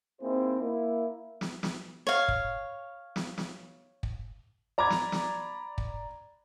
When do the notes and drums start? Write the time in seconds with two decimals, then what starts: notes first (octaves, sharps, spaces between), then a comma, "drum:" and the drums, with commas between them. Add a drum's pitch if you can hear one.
0.21 A#3 C4 D#4 E4 G#4 C5
0.61 A#3 E4
1.41 drum: snare
1.63 drum: snare
2.07 C#5 F5
2.28 drum: kick
3.16 drum: snare
3.38 drum: snare
4.03 drum: kick
4.78 D5 A#5 B5 D6 G#6
4.90 drum: snare
5.12 drum: snare
5.78 drum: kick